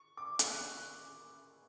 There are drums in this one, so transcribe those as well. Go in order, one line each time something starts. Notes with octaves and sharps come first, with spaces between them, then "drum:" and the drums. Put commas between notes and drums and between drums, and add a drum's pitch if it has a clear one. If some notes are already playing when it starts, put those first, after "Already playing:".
Already playing: C#6
D6
drum: hi-hat
F#6